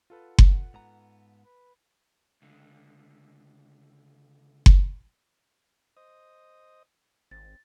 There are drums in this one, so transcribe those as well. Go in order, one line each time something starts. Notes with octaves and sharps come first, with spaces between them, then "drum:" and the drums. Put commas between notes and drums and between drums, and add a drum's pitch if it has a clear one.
F4 A4 B4 F#5
drum: kick F#1
G#2 B3 A#5
B4
C#2 D3
drum: kick F#1
C5 D#5 D#6
G#1 C4 A6